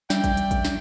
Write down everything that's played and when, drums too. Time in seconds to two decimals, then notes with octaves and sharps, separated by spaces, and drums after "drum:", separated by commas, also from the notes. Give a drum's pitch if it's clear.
0.10 G3 D5 E5 G5, drum: snare
0.24 drum: kick, hi-hat
0.37 drum: hi-hat
0.51 drum: kick, hi-hat
0.65 drum: snare